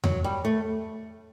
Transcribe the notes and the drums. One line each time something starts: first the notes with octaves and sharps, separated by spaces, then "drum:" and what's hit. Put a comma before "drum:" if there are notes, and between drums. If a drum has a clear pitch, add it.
F#3, drum: tom E2
G3
A3